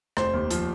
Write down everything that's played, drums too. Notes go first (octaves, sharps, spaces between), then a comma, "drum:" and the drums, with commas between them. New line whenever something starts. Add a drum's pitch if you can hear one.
F1 C5, drum: rim click
D#2
F3, drum: hi-hat